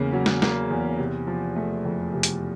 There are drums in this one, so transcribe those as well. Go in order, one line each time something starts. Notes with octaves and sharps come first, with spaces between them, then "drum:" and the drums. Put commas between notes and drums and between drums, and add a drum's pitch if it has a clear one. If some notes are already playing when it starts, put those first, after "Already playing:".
Already playing: E2 C#3 A#3
F#3
drum: snare
A#3, drum: snare
E2
C3
F3
A3
F2
C3
drum: hi-hat